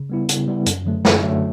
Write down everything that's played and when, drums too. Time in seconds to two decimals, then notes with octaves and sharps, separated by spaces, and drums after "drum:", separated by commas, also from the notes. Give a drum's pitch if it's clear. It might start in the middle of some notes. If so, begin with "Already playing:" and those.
Already playing: C#3
0.10 G3 B3 E4
0.29 C#3, drum: hi-hat
0.48 G3 B3 E4
0.66 F#2, drum: hi-hat
0.86 D3 F#3 A3
1.05 F#2, drum: snare
1.23 D3 F#3 A3